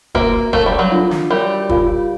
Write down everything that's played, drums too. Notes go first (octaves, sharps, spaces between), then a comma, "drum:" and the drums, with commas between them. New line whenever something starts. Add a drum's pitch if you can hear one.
A#3 F#4 B4 E5, drum: kick
A3 A#4 C#5 F5 A#5 C#6, drum: kick
G3
F#3
D4 F4 A4
drum: snare
G3 F#4 A#4 C#5 E5
F4 A#4 C#5 F5 G#5, drum: kick